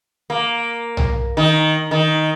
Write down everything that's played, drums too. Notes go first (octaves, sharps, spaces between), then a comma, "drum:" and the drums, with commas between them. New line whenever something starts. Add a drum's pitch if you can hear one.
A#3
drum: tom B1
D#3
D#3